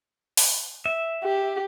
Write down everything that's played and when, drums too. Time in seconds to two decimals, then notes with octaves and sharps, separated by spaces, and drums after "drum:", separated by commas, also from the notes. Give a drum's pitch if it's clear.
0.37 drum: open hi-hat
0.86 E5
1.24 G4